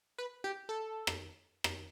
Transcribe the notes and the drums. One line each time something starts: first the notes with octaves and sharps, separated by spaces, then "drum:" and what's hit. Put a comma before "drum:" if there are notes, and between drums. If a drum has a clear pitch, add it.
B4
G4
A4
drum: rim click
drum: rim click